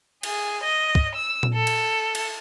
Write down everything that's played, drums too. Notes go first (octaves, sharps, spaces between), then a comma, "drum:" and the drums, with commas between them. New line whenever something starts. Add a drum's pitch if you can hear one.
G#4, drum: cymbal
D#5
drum: kick
E6
drum: tom A#2
A4
drum: cymbal
drum: cymbal